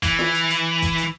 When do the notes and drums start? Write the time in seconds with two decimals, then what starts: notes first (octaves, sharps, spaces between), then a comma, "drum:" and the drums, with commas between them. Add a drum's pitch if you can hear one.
0.03 E3, drum: kick, hi-hat
0.19 drum: snare
0.35 drum: hi-hat
0.50 drum: hi-hat
0.82 drum: kick, hi-hat
0.98 drum: hi-hat